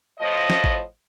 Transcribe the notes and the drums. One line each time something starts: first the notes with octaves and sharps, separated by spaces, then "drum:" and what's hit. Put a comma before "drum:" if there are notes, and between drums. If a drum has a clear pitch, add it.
A2 F3 D#5
drum: snare
drum: kick G#1